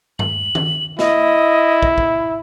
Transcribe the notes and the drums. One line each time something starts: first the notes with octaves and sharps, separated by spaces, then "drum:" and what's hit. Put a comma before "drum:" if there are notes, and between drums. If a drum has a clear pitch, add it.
F#7, drum: tom G2
drum: tom D#3
E4 D#5, drum: snare
drum: kick
drum: kick